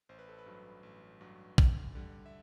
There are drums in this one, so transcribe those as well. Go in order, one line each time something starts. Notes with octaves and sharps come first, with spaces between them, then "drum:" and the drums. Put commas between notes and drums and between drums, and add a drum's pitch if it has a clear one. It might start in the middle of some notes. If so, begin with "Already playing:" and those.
A1 C5
B4
A4
B4
G2 F#3
A1
G2 F#3
D2, drum: kick
D3 G3
E5